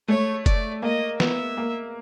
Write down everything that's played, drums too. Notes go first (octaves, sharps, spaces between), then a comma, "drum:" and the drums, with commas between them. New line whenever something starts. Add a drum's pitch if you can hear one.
A3 C#5
D5, drum: kick F1, hi-hat
A#3 D#5
B3 E5, drum: snare
A#3